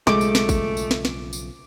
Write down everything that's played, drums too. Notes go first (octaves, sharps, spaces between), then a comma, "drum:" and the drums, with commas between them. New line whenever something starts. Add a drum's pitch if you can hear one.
B1 C#3 F3 G#3 A3 D6, drum: snare
drum: tambourine
drum: snare
drum: kick G#1, tambourine
drum: tambourine
drum: snare
drum: snare
drum: tambourine